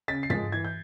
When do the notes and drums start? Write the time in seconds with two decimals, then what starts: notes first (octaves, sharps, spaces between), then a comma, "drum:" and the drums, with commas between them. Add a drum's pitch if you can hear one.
0.08 C#3 A6 B6
0.23 C7
0.30 F3 G#3 A6 B6, drum: tom
0.52 E3 G#6
0.65 G6